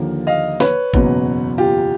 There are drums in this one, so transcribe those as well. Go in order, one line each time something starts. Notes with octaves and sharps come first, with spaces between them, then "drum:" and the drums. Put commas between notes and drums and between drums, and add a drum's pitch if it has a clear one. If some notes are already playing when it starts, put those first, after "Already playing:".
Already playing: D#2 D3 F3 A#3
D#5 F5
B4 C#5, drum: snare
F#1 E2 B2 F#3, drum: kick
F4 G4